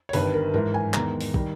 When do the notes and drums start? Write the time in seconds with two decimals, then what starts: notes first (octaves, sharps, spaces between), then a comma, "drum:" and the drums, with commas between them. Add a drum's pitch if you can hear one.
0.09 C#5
0.13 G1 G2 D#3 B4, drum: open hi-hat
0.34 A#4
0.54 G#2 E3 G#3 A#4
0.74 G#5
0.94 E2 D#3 G#3 A#5, drum: clap
1.21 drum: open hi-hat
1.34 D#3 G3, drum: kick